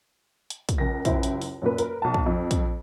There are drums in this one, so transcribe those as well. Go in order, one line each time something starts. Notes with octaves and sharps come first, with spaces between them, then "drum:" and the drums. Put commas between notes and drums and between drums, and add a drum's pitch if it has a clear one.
drum: hi-hat
drum: kick, hi-hat
C#2 A#4 A#6
C#2 F#2 E4 C5, drum: kick, hi-hat
drum: hi-hat
drum: open hi-hat
F#2 A#2 A#3 B4
A#4 B4, drum: hi-hat
B1 A5
drum: kick
F2
drum: kick, hi-hat